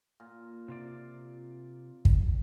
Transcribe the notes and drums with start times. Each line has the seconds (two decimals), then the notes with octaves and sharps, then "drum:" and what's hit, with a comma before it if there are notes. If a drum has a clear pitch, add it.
0.20 A#2
0.68 C3 F4 D5
2.05 drum: kick